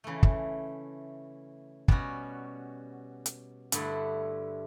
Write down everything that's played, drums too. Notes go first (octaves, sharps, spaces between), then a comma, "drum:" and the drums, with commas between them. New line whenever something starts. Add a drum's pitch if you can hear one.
C#3 E3 A3
drum: kick
B2 G3 C#4 F#4, drum: kick
drum: hi-hat
G2 D3 A3 E4, drum: hi-hat